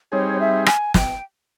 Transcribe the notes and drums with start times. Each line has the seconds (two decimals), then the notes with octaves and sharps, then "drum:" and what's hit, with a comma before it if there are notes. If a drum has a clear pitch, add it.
0.12 G3 C4 D#4 G#4 C#5
0.39 E5
0.66 G#5, drum: rim click
0.94 G5, drum: snare